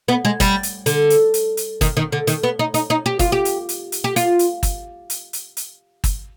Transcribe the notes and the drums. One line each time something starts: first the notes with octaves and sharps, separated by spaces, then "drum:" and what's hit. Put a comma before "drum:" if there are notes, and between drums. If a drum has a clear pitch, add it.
B3
G#3
G3, drum: kick, hi-hat
drum: hi-hat
D3, drum: hi-hat
drum: hi-hat
drum: hi-hat
drum: hi-hat
D#3, drum: kick, hi-hat
D#3
D3
D#3, drum: hi-hat
B3
D#4
D#4, drum: hi-hat
D#4
G4
F4, drum: kick, hi-hat
G4
drum: hi-hat
drum: hi-hat
drum: hi-hat
G4
F4, drum: hi-hat
drum: hi-hat
drum: kick, hi-hat
drum: hi-hat
drum: hi-hat
drum: hi-hat
drum: kick, hi-hat